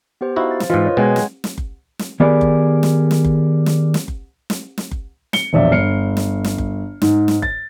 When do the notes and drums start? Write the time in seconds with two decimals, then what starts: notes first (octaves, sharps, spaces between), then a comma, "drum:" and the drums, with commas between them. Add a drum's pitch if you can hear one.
0.21 B3 G4 C5
0.36 D#4 E4 F#4 C5 F5
0.51 A6
0.60 drum: snare
0.70 G#2 E3 F4 C5 D#5
0.85 B4 C#5 D#5
0.97 B2 G#3 F#5 G5 G#6
1.16 drum: snare
1.44 drum: snare
1.58 drum: kick F#1
1.99 drum: snare
2.20 D#3 B3 G4 G#4 A#4 D5
2.41 drum: kick F#1
2.83 drum: snare
3.11 drum: snare
3.25 drum: kick F#1
3.66 drum: snare
3.94 drum: snare
4.08 drum: kick F#1
4.50 drum: snare
4.78 drum: snare
4.91 drum: kick F#1
5.33 C#7 G7, drum: snare
5.53 E1 A#1 D5 E5
5.71 G1 F6 C7 C#7
6.17 drum: snare
6.44 drum: snare
6.58 drum: kick F#1
7.02 G#2, drum: snare
7.28 drum: snare
7.42 A6, drum: kick F#1